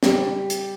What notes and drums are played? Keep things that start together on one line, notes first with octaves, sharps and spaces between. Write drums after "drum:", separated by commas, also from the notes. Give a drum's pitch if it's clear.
G3 G4, drum: snare
drum: hi-hat